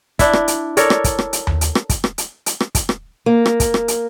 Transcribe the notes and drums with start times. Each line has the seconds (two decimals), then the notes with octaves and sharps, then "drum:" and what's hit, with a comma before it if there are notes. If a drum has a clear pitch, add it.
0.19 D4 E4, drum: kick, hi-hat
0.33 drum: rim click
0.48 drum: hi-hat
0.77 A4 A#4 C#5 D5, drum: hi-hat
0.90 drum: rim click
1.04 drum: kick, hi-hat
1.19 drum: rim click
1.33 drum: hi-hat
1.47 drum: tom D#2
1.61 drum: hi-hat
1.75 drum: rim click
1.90 drum: kick, hi-hat
2.04 drum: rim click
2.18 drum: hi-hat
2.46 drum: hi-hat
2.60 drum: rim click
2.75 drum: kick, hi-hat
2.89 drum: rim click
3.26 A#3
3.46 drum: rim click
3.60 drum: kick, hi-hat
3.74 drum: rim click
3.88 drum: hi-hat